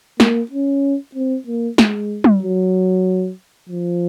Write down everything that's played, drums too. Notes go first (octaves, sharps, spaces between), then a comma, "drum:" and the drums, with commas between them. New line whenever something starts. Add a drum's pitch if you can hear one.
A#3, drum: snare
C#4
C4
A#3
G#3, drum: snare
drum: tom
F#3
F3